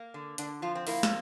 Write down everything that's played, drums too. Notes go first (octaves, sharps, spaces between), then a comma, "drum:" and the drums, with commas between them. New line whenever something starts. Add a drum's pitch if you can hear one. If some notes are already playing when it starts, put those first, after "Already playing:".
Already playing: A#3
D3
D3 D4, drum: hi-hat
F3 F4
C4
A#3 E4, drum: open hi-hat
drum: snare